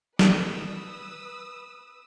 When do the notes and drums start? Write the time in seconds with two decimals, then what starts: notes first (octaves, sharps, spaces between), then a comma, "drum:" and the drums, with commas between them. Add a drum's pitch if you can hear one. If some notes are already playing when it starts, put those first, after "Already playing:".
0.19 B4 D#6 E6, drum: snare